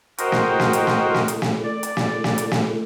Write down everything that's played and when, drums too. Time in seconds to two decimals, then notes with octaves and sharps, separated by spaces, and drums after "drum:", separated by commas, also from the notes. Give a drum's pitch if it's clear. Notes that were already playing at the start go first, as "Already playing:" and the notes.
0.18 F#4 A#4 C5 D#5 G5, drum: hi-hat
0.32 drum: snare
0.60 drum: snare
0.73 drum: hi-hat
0.87 drum: snare
1.14 drum: snare
1.28 drum: hi-hat
1.42 drum: snare
1.64 D5
1.83 drum: hi-hat
1.97 drum: snare
2.24 drum: snare
2.38 drum: hi-hat
2.51 drum: snare